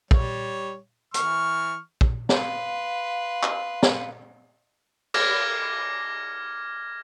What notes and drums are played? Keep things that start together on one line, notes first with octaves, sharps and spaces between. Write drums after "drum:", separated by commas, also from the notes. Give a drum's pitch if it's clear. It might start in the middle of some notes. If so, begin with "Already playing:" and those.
G3 C#5, drum: kick
E3 C#6 F6, drum: hi-hat
drum: kick
B4 F5 C6, drum: snare
drum: clap
drum: snare
D6 F6 G#6 A#6, drum: cymbal